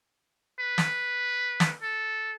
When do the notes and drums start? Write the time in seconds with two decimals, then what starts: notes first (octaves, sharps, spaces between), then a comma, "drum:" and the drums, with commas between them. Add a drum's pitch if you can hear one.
0.60 B4
0.78 drum: snare
1.60 drum: snare
1.82 A4